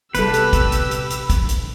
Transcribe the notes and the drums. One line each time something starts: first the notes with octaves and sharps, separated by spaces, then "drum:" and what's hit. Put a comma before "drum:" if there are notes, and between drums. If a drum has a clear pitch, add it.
C3 G3 B3 G4 A4 B4 E6, drum: hi-hat
drum: hi-hat
drum: kick, hi-hat
drum: hi-hat
drum: hi-hat
drum: hi-hat
drum: kick, hi-hat
drum: hi-hat